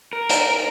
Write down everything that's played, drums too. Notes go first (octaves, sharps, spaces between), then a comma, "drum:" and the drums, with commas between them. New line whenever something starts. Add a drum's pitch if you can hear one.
A#4
drum: hi-hat